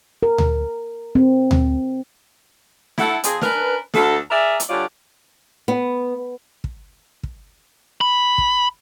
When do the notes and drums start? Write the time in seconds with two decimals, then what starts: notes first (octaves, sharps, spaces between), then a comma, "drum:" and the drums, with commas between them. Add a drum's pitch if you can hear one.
0.23 A#4
0.38 drum: tom D2
1.15 C4
1.51 drum: tom D2
2.98 A3 E4 A4 F#5, drum: snare
3.24 F2 C4 G#4, drum: hi-hat
3.41 C#4 D4 A#4 B4, drum: snare
3.94 D2 A4, drum: snare
4.30 G#4 A#4 D5 E5
4.60 drum: hi-hat
4.69 D3 G3 C#4 F4 D5
5.68 B3
6.64 drum: kick
7.23 drum: kick
8.01 B5
8.38 drum: kick